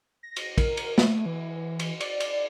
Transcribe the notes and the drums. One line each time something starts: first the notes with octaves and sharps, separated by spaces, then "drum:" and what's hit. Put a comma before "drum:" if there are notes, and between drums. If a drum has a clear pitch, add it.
A#6
drum: cymbal
A#4, drum: kick, cymbal
drum: cymbal
A3, drum: snare
E3
drum: cymbal
D5, drum: cymbal
drum: cymbal